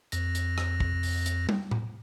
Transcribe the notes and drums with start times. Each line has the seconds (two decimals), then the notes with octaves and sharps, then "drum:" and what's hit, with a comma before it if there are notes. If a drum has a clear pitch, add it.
0.12 F2 A#6, drum: hi-hat
0.35 drum: hi-hat
0.58 drum: rim click
0.80 drum: kick
1.03 drum: open hi-hat
1.26 drum: hi-hat
1.49 drum: tom
1.71 drum: tom A2